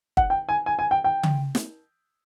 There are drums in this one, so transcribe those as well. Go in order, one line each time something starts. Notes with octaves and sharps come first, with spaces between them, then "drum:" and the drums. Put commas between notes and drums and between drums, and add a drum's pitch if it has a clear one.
F#5, drum: kick
G5
G#5
G#5
G#5
G5
G5
drum: tom C#3
drum: snare